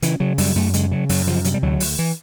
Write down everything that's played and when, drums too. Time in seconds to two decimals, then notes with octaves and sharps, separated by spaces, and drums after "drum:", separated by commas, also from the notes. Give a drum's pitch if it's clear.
0.02 C#3 E3, drum: hi-hat
0.20 C#3 F#3
0.38 F#2 G3, drum: open hi-hat
0.55 F#2 A3
0.74 C#3 G#3, drum: hi-hat
0.91 C#3 F#3
1.09 F#2 F#3, drum: open hi-hat
1.27 C#3 F3
1.45 C3 F#3, drum: hi-hat
1.54 G3
1.62 D2 F#3
1.80 D2, drum: open hi-hat
1.99 E3